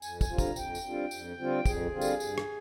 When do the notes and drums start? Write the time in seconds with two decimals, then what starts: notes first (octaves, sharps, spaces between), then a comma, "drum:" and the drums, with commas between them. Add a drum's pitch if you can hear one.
0.02 F2 G#5, drum: tambourine
0.21 G#5, drum: kick, tambourine
0.30 D3 G3 C4 F4
0.38 A#5, drum: kick, tambourine
0.56 F2 G5, drum: tambourine
0.75 drum: tambourine
0.84 D3 G3 C4 F4
1.11 F2, drum: tambourine
1.38 D3 G3 C4 F4
1.66 F2 G#4, drum: kick, tambourine
1.92 D3 G3 C4 F4
2.01 drum: tambourine
2.20 G2, drum: tambourine
2.38 drum: rim click